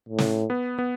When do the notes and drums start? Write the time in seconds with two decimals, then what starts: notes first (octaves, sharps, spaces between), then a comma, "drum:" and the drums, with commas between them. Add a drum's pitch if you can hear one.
0.09 A2
0.18 drum: snare
0.50 B3
0.79 B3